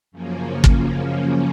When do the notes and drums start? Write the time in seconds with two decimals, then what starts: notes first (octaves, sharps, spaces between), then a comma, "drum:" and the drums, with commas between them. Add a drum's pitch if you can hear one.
0.12 F#2 C#3 F3 A#3 C#4
0.64 drum: kick